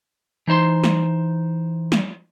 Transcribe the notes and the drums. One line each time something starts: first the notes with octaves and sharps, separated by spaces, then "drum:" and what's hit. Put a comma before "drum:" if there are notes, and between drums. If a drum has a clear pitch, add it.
E3 D#4 C5 C6
drum: snare
drum: snare